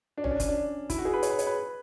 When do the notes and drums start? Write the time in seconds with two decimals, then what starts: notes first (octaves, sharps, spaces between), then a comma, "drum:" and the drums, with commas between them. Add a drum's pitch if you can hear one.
0.18 D4
0.24 C#4, drum: tom
0.31 D4
0.40 C#4, drum: kick, hi-hat
0.48 D4
0.90 E4, drum: kick, hi-hat
0.98 F#4
1.05 G#4
1.14 B4
1.23 C#5, drum: hi-hat
1.30 B4
1.39 C#5, drum: hi-hat
1.47 B4